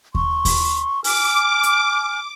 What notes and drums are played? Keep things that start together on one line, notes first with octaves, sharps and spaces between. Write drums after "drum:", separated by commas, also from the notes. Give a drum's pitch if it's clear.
C6 C#6, drum: kick D#2
drum: kick D#2, open hi-hat
G#5 D6 F6, drum: open hi-hat
drum: hi-hat